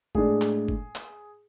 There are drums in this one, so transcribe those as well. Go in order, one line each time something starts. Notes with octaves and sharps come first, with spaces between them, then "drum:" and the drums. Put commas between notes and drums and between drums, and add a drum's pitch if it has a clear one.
A2 G#3 D4 G#4, drum: kick F#1
drum: clap
drum: kick F#1
drum: clap